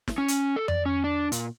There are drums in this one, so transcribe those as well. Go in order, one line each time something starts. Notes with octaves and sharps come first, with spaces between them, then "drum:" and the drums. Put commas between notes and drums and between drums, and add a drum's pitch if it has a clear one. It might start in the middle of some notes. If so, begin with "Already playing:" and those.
drum: snare
C#4
drum: hi-hat
A4
D5, drum: tom F2
C#4
D4
A#2, drum: hi-hat